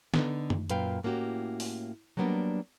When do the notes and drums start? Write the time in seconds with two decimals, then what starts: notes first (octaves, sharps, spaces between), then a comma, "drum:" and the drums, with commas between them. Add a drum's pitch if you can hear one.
0.14 D3 B3 D#4, drum: snare
0.50 drum: tom F#2
0.70 F#2 A#2 B4 F5 G5, drum: hi-hat
1.03 A2 A#3 C#4 F#4 G4
1.60 drum: open hi-hat
2.17 F#3 G3 A#3 B3 C#4 D4